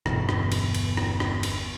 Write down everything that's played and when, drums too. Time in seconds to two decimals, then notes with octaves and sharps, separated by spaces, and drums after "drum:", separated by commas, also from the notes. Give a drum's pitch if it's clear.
0.06 G1 E2 B2, drum: rim click
0.29 drum: rim click
0.52 drum: cymbal
0.74 drum: cymbal
0.97 drum: rim click
1.20 drum: rim click
1.43 drum: cymbal